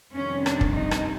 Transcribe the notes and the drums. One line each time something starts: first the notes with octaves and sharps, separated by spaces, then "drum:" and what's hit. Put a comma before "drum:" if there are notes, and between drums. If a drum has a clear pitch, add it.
F2 C3 D#3 G3 C4 C#4
D4, drum: rim click
drum: kick
D#4
drum: rim click